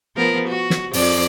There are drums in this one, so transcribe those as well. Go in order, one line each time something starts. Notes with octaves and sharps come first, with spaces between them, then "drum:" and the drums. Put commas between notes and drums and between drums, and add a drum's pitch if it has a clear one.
F3 B3 A#4
F#4
drum: snare
F2 D5, drum: open hi-hat